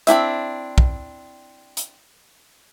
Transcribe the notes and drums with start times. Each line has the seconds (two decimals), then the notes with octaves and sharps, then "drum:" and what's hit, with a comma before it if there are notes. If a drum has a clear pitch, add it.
0.07 C4 D4 E4 E5, drum: hi-hat
0.78 drum: kick
1.77 drum: hi-hat